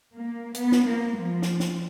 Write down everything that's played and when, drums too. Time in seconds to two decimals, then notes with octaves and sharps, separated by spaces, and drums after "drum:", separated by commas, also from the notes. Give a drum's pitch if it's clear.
0.13 A#3
0.55 B3, drum: hi-hat
0.72 drum: snare
0.86 A#3
1.16 F3
1.42 drum: snare
1.60 drum: snare